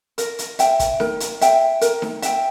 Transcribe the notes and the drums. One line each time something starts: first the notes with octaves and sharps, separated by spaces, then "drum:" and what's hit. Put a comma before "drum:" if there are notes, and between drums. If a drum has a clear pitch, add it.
A#4, drum: hi-hat
drum: hi-hat
E5 G5, drum: hi-hat
drum: kick, hi-hat
A#4, drum: snare D#4
drum: hi-hat
E5 G5, drum: hi-hat
A#4, drum: hi-hat
drum: snare D#4
E5 G5, drum: hi-hat